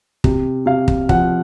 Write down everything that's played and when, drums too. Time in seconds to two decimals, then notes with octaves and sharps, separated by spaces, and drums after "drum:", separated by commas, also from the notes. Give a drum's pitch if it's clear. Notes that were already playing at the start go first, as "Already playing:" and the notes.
0.24 C3, drum: kick
0.66 C3 F5
0.88 drum: kick
1.09 F3 F#5, drum: kick